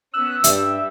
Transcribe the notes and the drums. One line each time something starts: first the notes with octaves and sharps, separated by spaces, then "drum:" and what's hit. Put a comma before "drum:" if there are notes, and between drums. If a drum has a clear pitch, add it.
B3 C#4 E6 F#6
G2 G3 E5, drum: hi-hat